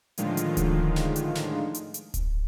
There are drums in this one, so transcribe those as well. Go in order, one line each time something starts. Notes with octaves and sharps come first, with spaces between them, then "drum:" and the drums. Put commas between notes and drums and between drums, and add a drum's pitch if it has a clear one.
A2 D3 D#3 F3 G#3 F4, drum: hi-hat
drum: hi-hat
drum: kick D1, hi-hat
drum: snare
drum: hi-hat
drum: snare
drum: hi-hat
drum: hi-hat
drum: kick D1, hi-hat